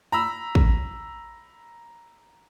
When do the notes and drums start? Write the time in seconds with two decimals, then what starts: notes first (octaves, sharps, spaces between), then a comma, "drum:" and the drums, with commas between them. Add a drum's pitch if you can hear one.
0.12 A#5 B5 E6
0.55 drum: kick